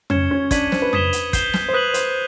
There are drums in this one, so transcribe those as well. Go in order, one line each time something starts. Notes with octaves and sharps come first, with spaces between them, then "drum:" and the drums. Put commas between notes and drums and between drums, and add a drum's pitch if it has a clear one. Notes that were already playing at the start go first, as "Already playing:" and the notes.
C#4 G#6 C#7 E7 G7, drum: tom F2
C#4
D4 G#6 B6 D#7 F#7, drum: kick, hi-hat
C5, drum: snare
B4
D#6 G#6 B6 E7 G7, drum: tom F2
drum: hi-hat
G6 C7 E7 G7, drum: kick, hi-hat
drum: snare
C5
B4 D#6 F#6 B6 D#7 F#7
C5, drum: hi-hat